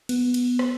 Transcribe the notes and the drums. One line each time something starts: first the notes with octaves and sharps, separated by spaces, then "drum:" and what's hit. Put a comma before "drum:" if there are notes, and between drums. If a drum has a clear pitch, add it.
B3, drum: cymbal
drum: cymbal
drum: rim click